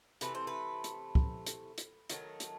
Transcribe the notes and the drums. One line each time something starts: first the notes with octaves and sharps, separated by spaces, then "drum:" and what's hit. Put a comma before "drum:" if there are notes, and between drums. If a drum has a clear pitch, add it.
C3 E3 A3 B4, drum: hi-hat
C5
B4
drum: hi-hat
drum: kick
drum: hi-hat
drum: hi-hat
D#3 F#3 A3, drum: hi-hat
drum: hi-hat